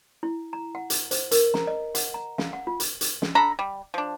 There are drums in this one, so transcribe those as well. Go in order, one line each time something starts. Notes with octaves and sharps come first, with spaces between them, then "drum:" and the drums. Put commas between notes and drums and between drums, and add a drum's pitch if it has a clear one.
E4
A#5
F#5
drum: hi-hat
C5, drum: hi-hat
A#4, drum: hi-hat
A#5, drum: snare
D#5
F#5, drum: hi-hat
A#5
F5, drum: snare
F#5
F4
drum: hi-hat
drum: hi-hat
drum: snare
D4 A4 A#5 B5
G3
F3 D4